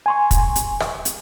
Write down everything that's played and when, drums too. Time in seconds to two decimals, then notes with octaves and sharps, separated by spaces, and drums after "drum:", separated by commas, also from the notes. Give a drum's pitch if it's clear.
0.06 G#5 C6 C#6
0.31 drum: kick, hi-hat
0.56 drum: hi-hat
0.80 drum: rim click
1.05 drum: hi-hat